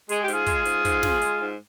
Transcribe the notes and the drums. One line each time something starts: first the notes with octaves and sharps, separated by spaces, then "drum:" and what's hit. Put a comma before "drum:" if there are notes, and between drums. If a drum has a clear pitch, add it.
G#3 G#4, drum: hi-hat
G4
G#2 F4 G#4, drum: hi-hat
G#3, drum: kick, hi-hat
G#2, drum: hi-hat
G#2, drum: kick, hi-hat
F3, drum: snare
G#3, drum: hi-hat
G#2